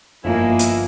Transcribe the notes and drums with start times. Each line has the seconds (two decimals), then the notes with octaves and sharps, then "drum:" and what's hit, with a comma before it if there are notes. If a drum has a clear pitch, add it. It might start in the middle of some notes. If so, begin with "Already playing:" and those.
0.24 G1 F3 G#3 A#3 E4
0.59 drum: hi-hat